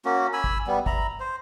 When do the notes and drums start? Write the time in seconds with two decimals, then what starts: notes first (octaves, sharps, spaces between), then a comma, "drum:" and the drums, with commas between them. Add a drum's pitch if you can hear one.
0.05 A#3 C#4 F#4
0.33 G#5 B5 E6
0.44 drum: kick
0.67 G3 B3
0.86 E5 A#5 B5, drum: kick
1.20 C5